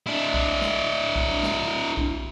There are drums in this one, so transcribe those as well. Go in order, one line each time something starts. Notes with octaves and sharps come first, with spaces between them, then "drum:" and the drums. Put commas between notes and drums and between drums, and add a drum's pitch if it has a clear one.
D4 E4
drum: kick B1
drum: snare
drum: kick B1
drum: snare
drum: kick B1